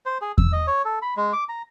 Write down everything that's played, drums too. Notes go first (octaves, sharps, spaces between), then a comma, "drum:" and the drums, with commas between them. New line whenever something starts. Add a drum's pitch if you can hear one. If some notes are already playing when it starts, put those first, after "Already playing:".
C5
G#4
E6, drum: kick E2
D#5
C#5
A4
B5
G#3
D6
A#5